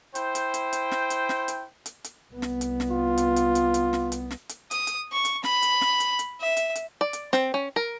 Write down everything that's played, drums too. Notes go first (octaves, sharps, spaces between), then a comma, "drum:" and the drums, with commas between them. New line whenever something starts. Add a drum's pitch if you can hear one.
E4 C5 G5, drum: hi-hat
drum: hi-hat
drum: hi-hat
drum: hi-hat
drum: snare
drum: hi-hat
drum: snare
drum: hi-hat
drum: hi-hat
drum: hi-hat
C2 B3
drum: snare
drum: hi-hat
drum: snare
F4
drum: hi-hat
drum: hi-hat
drum: hi-hat
drum: hi-hat
drum: snare
drum: hi-hat
drum: snare
drum: hi-hat
D#6, drum: hi-hat
drum: hi-hat
C#6
drum: hi-hat
B5, drum: snare
drum: hi-hat
drum: snare
drum: hi-hat
drum: hi-hat
E5
drum: hi-hat
drum: hi-hat
D5
drum: hi-hat
C4, drum: snare
C#4
A#4